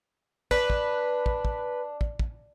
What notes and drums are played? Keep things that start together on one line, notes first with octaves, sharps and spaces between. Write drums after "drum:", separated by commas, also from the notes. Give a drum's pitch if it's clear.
D4 B4, drum: kick
drum: kick
drum: kick
drum: kick
drum: kick
drum: kick